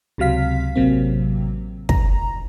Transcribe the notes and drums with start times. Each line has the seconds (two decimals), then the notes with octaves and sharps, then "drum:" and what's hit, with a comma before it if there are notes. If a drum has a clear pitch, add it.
0.18 C#2 C3 F#3 F5 B6
0.75 A1 C3 F#3 A#3 C4
1.89 A#5, drum: kick